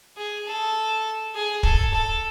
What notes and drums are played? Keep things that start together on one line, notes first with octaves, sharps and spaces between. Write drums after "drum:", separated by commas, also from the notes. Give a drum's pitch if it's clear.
G#4
A4
G#4
A4, drum: kick
A4